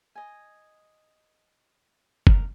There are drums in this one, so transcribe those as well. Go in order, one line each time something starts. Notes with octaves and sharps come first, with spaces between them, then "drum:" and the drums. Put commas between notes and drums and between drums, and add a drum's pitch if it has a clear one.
D#5 G#5
A#4, drum: kick F#1